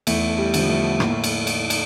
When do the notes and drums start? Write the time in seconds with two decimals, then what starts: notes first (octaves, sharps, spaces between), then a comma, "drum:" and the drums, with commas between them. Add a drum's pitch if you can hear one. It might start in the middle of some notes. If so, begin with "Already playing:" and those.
0.07 E2 A3, drum: cymbal
0.38 G3
0.54 D3 F3, drum: cymbal
0.69 A3
1.00 A2 A#3, drum: rim click
1.10 A3
1.24 drum: cymbal
1.47 drum: cymbal
1.70 drum: cymbal